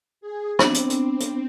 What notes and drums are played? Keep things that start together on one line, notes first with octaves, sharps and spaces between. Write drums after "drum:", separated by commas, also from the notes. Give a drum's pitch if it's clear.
G#4
B3 C4 D4, drum: rim click
drum: hi-hat
drum: hi-hat
drum: hi-hat